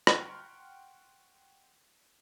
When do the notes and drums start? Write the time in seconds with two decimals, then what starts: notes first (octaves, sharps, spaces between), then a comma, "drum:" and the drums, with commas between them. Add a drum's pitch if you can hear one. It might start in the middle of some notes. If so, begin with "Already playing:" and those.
0.07 F#5 G5 C6 C#6 F6 F#6, drum: rim click